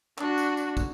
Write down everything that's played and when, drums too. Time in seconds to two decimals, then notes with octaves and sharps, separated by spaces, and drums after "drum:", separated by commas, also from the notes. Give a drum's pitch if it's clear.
0.18 D4 F#4, drum: clap
0.38 drum: tambourine
0.57 drum: tambourine
0.77 drum: kick, tambourine